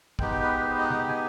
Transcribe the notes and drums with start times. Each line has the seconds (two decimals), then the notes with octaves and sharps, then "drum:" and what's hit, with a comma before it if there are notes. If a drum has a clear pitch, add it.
0.19 G#3 B3 D#4 G4 G5, drum: kick
0.31 G5
0.42 B4
0.54 B4
0.66 C5
0.78 D#5
0.90 G5, drum: tom C3
1.09 G#5